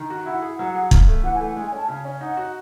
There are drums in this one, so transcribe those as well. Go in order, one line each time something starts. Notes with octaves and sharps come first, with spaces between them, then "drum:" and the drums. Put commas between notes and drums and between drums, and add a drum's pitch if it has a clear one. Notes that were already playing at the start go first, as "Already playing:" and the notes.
Already playing: D#3
F#4
E4 F#5
G#4
F#3 F#5
G#4
C#3, drum: kick
A3
E3 F#5
G#5
A3
F#5
G#3 G#5
G#5
C#4
A5
C#3 G#5
C#4 G#5
D#4 F#5
F#4